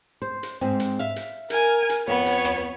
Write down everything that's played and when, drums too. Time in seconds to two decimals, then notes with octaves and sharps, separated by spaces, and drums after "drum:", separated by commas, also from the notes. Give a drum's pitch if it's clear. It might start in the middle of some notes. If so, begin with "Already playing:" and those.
0.22 C5
0.43 drum: hi-hat
0.61 G#2 C4
0.80 drum: hi-hat
0.99 E5 F5
1.16 drum: hi-hat
1.50 A#4 G#5, drum: hi-hat
1.90 drum: hi-hat
2.08 F2 B3 C#5
2.26 drum: hi-hat
2.44 drum: rim click